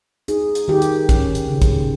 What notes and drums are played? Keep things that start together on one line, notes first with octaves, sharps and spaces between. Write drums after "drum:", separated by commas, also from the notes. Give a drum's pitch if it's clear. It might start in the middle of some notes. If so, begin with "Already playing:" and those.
D#4 G#4, drum: hi-hat
drum: hi-hat
D#3 G4
drum: hi-hat
C#4, drum: kick, hi-hat
drum: hi-hat
C#3
drum: kick, hi-hat